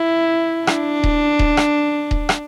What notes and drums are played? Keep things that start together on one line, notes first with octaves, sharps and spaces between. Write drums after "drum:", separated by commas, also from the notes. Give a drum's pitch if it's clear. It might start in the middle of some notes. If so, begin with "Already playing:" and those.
Already playing: E4
D4, drum: rim click
drum: kick D#1
drum: kick D#1
drum: rim click
drum: kick D#1
drum: rim click